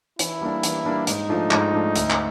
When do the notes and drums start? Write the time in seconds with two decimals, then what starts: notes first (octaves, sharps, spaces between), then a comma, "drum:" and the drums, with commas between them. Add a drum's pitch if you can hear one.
0.19 E3 E4, drum: hi-hat
0.41 G3 A#3 D4
0.63 E3, drum: hi-hat
0.85 G3 A#3 D4
1.07 G#2 D#4, drum: hi-hat
1.29 F3 A3 D4
1.51 G#2, drum: clap
1.74 F3 A3 D4
1.95 D2, drum: hi-hat
2.10 drum: clap